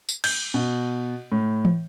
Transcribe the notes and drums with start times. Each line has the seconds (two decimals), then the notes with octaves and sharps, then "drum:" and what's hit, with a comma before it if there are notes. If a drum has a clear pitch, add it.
0.09 drum: tambourine
0.24 G6, drum: cymbal
0.54 B2
1.32 A2
1.65 drum: tom E3